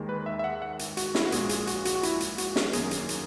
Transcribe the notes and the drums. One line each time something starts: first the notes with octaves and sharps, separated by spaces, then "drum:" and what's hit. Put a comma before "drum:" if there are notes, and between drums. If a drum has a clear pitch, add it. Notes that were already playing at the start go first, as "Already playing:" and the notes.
Already playing: D#2 D#3 G#3
B4
E5
E5
F#5
F#5
drum: hi-hat
F#4, drum: hi-hat
E4, drum: snare
F#4
A#1 A#2 G#3 G#4, drum: hi-hat
G#4, drum: hi-hat
F#4, drum: hi-hat
F#4, drum: hi-hat
F#4
E4, drum: hi-hat
drum: hi-hat
F#4, drum: hi-hat
drum: snare
F#2 D#3 A#3 G#4, drum: hi-hat
drum: hi-hat
drum: hi-hat